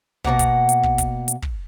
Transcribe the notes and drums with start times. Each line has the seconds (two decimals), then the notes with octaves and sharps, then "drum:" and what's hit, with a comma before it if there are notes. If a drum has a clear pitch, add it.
0.24 B2 D#3 A#3 F#5, drum: kick
0.39 drum: kick, hi-hat
0.69 drum: hi-hat
0.83 drum: kick
0.98 drum: kick, hi-hat
1.28 drum: hi-hat
1.43 drum: kick